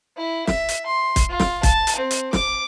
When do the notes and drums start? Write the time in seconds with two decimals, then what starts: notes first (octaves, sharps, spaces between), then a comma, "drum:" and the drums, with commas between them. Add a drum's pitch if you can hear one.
0.17 E4
0.47 E5, drum: snare
0.69 drum: hi-hat
0.86 C6
1.16 drum: kick, hi-hat
1.29 F4
1.40 drum: snare
1.63 A5, drum: kick, hi-hat
1.87 drum: hi-hat
1.96 C4
2.11 drum: hi-hat
2.33 D6, drum: snare